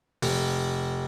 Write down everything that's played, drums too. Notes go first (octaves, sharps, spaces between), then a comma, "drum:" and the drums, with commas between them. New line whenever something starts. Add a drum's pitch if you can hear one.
F1, drum: open hi-hat